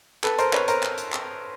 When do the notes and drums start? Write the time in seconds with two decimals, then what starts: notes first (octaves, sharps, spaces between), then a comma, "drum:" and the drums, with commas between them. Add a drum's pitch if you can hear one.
0.24 A4 B4, drum: clap
0.39 A#4 C5, drum: hi-hat
0.53 B4 C#5, drum: clap
0.68 A#4 C5, drum: hi-hat
0.83 drum: clap
0.98 drum: hi-hat
1.13 drum: clap